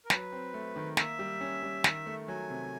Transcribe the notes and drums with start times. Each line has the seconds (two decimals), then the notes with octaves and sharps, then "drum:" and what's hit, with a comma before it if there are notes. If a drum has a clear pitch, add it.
0.06 A#4
0.10 F#3 B4, drum: snare
0.32 C4
0.54 A3
0.76 D#3
0.97 A#3 E5, drum: snare
1.19 G3
1.41 C#4
1.63 G3
1.84 D#3, drum: snare
2.06 A3
2.28 F#3 G#5
2.50 C3